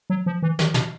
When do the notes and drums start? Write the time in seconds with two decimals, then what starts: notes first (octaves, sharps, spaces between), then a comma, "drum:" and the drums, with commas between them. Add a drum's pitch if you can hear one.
0.10 F#3
0.26 F3
0.42 E3
0.59 D#3, drum: snare
0.74 B2, drum: snare